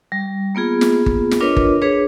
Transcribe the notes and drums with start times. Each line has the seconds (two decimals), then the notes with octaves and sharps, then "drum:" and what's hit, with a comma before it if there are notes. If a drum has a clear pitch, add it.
0.12 G3
0.55 A#3 B3 F4 G#4
0.81 drum: snare
1.06 drum: kick G1
1.31 drum: snare
1.41 D4 F4 A#4 B4 C#5 D#5
1.57 drum: kick G1
1.82 D4 G#4 B4 C#5